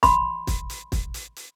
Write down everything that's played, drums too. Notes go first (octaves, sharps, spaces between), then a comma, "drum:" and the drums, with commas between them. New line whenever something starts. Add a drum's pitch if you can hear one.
B5 C6, drum: kick, hi-hat
drum: kick, hi-hat
drum: hi-hat
drum: kick, hi-hat
drum: hi-hat
drum: hi-hat